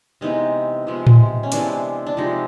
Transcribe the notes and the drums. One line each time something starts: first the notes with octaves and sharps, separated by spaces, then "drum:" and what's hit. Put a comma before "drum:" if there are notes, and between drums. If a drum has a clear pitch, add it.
C3 E3 G#3 B3 D#4
C3 F3 G#3 B3
drum: tom A2
C#4
C3 E3 G#3 B3 D4, drum: hi-hat
D4
C3 F3 G#3 D#4